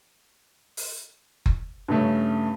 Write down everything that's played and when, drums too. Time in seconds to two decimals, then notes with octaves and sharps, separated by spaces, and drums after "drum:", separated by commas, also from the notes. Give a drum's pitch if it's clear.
0.77 drum: open hi-hat
1.46 drum: kick F#1
1.88 G2 C#3 A3 C#4